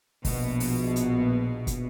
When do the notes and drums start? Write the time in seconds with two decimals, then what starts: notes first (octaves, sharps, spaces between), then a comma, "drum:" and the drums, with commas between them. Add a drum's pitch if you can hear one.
0.25 A#1 B2, drum: kick, open hi-hat
0.60 drum: open hi-hat
0.96 drum: hi-hat
1.67 drum: kick, hi-hat